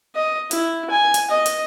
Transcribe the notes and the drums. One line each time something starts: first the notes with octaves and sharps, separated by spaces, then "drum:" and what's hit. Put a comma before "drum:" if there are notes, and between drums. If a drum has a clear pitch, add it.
D#5
E4, drum: hi-hat
G#5
drum: hi-hat
D#5
drum: hi-hat